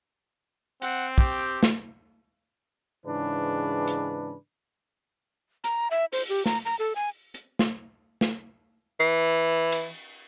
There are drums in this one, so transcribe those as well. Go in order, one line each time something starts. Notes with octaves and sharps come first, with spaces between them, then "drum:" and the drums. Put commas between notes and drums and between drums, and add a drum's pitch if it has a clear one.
C4 F#5, drum: hi-hat
G4, drum: kick
drum: snare
G#2 C#3 E3 D4 B4
drum: hi-hat
A#5, drum: hi-hat
E5
C5, drum: open hi-hat
G4
A#5, drum: snare
A#5
A4
G#5
drum: hi-hat
drum: snare
drum: snare
E3
drum: cymbal